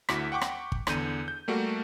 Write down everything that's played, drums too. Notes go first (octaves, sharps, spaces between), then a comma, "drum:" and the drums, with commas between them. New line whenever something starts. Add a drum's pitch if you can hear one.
D2 E4 F#4 D6 B6, drum: rim click
F#5 G5 C#6 D6
drum: rim click
drum: kick
E2 D3 G6 D#7, drum: rim click
G6
G3 A3 A#3 F#4